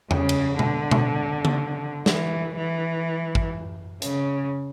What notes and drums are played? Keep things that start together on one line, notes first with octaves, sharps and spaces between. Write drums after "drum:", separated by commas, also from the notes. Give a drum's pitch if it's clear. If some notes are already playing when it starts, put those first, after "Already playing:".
C#3, drum: tom E2
drum: cymbal
D3, drum: tom B2
drum: tom B2
drum: tom C#3
E3, drum: snare
E3
drum: kick
C#3, drum: hi-hat